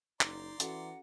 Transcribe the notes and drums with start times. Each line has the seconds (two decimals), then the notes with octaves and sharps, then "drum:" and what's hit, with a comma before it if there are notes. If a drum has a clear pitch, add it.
0.21 F#1 D#4 D5 A#5 C6, drum: clap
0.60 E3 C#4 F#4 A4 F#5, drum: hi-hat